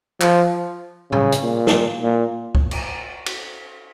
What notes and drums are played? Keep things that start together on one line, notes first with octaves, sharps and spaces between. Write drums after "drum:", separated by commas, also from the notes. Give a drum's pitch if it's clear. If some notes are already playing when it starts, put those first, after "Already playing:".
F3, drum: clap
C#3, drum: tom A2
drum: hi-hat
A#2
drum: snare
A#2
drum: kick
drum: cymbal
drum: cymbal